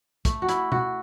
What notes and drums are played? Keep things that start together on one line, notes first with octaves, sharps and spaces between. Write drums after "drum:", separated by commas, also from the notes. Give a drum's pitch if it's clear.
A3, drum: kick, hi-hat
F#4
E4, drum: hi-hat
F#4, drum: tom B2